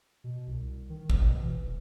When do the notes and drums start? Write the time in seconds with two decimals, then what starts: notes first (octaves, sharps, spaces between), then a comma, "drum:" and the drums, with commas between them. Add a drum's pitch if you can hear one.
0.24 B2
0.48 C2
0.90 D#3
1.10 A1, drum: kick
1.23 B2
1.42 E3
1.64 E1